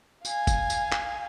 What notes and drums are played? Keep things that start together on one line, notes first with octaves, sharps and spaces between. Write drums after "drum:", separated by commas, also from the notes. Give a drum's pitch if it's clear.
F5 G#5, drum: tambourine
drum: kick, tambourine
drum: tambourine
drum: clap